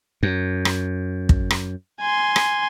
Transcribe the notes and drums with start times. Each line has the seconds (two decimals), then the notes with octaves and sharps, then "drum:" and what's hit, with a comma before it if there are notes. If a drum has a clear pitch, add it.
0.23 F#2
0.65 drum: rim click
1.29 drum: kick
1.51 drum: rim click
2.00 G#5 C6
2.36 drum: rim click